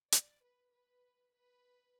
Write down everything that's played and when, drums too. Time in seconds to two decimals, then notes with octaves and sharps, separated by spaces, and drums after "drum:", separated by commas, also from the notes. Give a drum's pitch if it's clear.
0.12 D5, drum: hi-hat
0.43 B4
0.72 B4
1.33 B4